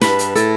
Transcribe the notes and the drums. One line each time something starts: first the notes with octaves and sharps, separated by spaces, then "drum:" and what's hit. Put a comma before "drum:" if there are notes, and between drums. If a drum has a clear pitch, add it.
G2 B4, drum: snare
drum: hi-hat
A2 A4, drum: hi-hat